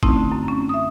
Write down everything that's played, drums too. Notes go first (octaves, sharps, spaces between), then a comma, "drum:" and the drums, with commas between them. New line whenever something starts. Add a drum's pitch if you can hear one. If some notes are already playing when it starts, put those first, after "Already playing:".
A3 C4 C#4 D#4 E4, drum: kick G1
D3
F#2
C#4
E5 D#6